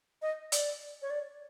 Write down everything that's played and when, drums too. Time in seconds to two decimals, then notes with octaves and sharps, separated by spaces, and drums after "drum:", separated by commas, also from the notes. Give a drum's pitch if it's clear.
0.22 D#5
0.52 D5, drum: hi-hat
1.02 C#5
1.10 D5